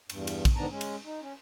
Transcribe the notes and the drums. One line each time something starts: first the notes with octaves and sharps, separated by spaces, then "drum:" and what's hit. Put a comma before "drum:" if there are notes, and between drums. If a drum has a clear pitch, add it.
E2 G2, drum: cymbal
drum: cymbal
drum: kick, cymbal
G#2 D#3 B3 D4 A5 A#5
G#3 C#4
drum: cymbal
D#4
C#4